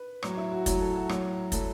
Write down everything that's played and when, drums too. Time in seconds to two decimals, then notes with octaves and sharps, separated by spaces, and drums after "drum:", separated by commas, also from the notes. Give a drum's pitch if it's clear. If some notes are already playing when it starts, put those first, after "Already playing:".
Already playing: B4
0.23 A2 F#3 C#5, drum: rim click
0.37 E4
0.52 F#4
0.66 A2 F#3 C#5, drum: kick, hi-hat
0.81 A4
0.96 F#4
1.09 A2 F#3, drum: rim click
1.52 A2 F#3 A4, drum: kick, hi-hat